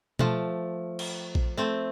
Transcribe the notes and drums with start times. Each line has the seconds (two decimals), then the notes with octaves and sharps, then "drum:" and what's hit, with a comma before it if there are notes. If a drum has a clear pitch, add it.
0.19 F3 A3, drum: tom B2
0.99 drum: cymbal
1.35 drum: kick A#1
1.57 A3 C4